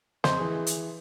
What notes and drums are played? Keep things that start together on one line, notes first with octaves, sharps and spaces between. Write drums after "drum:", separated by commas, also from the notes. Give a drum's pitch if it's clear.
F2 C5 D#5, drum: snare
E3 G#4
drum: hi-hat